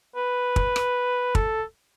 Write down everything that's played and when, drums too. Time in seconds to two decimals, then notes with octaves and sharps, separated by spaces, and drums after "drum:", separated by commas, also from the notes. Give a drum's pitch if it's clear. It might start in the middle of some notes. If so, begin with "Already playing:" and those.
0.16 B4
0.56 drum: kick
0.76 drum: rim click
1.35 A4, drum: kick